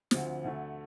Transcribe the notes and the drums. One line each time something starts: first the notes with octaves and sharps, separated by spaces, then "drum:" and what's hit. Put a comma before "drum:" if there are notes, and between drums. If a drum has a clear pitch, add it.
D2 D3 F3 C4, drum: snare
D2 D3 A3